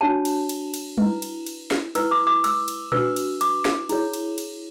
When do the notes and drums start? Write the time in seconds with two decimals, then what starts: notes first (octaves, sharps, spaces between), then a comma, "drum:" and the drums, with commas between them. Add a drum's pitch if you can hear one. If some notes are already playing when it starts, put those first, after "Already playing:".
0.01 D4 F#4 C#5 A5
0.25 drum: cymbal
0.49 drum: cymbal
0.74 drum: cymbal
0.98 E4 B4, drum: tom G3
1.22 drum: cymbal
1.46 drum: cymbal
1.71 drum: snare
1.95 E4 B4 E6, drum: cymbal
2.11 D6
2.27 D6
2.44 E6, drum: cymbal
2.68 drum: cymbal
2.92 D4 F#4 B4 E6, drum: tom A#2
3.16 drum: cymbal
3.41 D6, drum: cymbal
3.65 drum: snare
3.89 E4 G#4 C#5, drum: cymbal
4.14 drum: cymbal
4.38 drum: cymbal